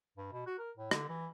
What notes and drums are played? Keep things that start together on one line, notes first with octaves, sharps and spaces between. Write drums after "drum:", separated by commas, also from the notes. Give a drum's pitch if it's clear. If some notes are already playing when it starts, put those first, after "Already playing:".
G2
B2
F#4
A#4
A2
D3, drum: rim click
E3